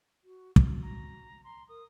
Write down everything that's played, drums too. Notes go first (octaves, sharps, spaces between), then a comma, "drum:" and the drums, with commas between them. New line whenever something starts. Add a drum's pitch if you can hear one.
F#4
F#4, drum: kick
A#5
A#5 C6
A#4 D#6